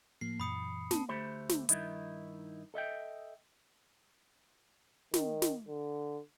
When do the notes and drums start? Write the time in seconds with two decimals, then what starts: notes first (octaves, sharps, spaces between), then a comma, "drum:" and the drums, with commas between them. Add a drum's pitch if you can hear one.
0.21 A2 F3 A#3 C7
0.40 F#2 A#2 E3 B5 D#6 C#7
0.91 A#3 C4 D4 A5, drum: snare
1.09 D2 A3 G4 C5 B5
1.49 drum: snare
1.69 G2 D#3 D#4 E4, drum: hi-hat
2.74 A4 D#5 E5 G5
5.14 D#3, drum: snare
5.42 drum: snare
5.68 D3